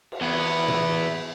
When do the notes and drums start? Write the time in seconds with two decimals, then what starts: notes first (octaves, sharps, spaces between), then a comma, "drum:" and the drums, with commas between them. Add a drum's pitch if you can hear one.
0.12 drum: cymbal
0.21 E2 B3
0.68 drum: tom